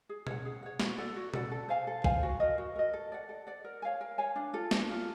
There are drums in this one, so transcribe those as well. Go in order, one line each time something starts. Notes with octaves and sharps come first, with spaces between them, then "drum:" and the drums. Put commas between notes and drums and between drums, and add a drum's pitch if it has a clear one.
G#4
C#5 F#5, drum: tom B2
G#4
C#5 F#5
F#4, drum: snare
A4 D5 F#5
F#4
A4 D5 F#5, drum: tom B2
A4
C5 F5 G#5
A4
C5 F5 G#5, drum: kick
F#4
A#4 D#5
F#4
A#4 D#5
A4
D5 F#5
A4
D5 F#5
A#4
C#5 F5 G#5
A#4
C#5 F5 G#5
D4
F4 A4
D4, drum: snare
F4 A4